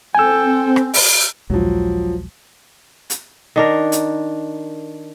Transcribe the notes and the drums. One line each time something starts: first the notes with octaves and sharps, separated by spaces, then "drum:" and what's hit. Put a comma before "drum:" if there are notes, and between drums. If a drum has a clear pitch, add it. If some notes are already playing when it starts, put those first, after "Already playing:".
C4 A4 G5 G#5 E6
drum: rim click
drum: open hi-hat
A#1 D#2 F3 F#3 G#3
drum: hi-hat
D#3 D4 A#4
drum: hi-hat